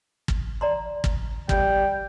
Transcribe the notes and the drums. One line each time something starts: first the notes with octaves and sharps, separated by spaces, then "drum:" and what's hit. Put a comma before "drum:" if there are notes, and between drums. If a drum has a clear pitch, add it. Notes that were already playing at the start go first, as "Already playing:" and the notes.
drum: kick
D5 A#5 C6
drum: kick
G3 G5, drum: kick